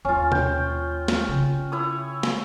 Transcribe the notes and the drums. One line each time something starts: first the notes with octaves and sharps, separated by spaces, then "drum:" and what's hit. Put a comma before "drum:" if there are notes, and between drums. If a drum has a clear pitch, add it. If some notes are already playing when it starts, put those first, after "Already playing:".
D#2 C#4 F4
G5, drum: tom B2
drum: snare
C#3
E4 C#5 D#6
drum: snare